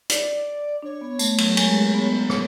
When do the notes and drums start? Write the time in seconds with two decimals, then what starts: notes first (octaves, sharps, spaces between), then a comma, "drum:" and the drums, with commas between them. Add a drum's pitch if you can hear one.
0.09 D5, drum: hi-hat
0.83 D4 C#5
1.01 B3
1.19 A3, drum: tambourine
1.38 F#3, drum: cymbal
1.57 G#3, drum: cymbal
1.94 B3
2.30 C#5, drum: rim click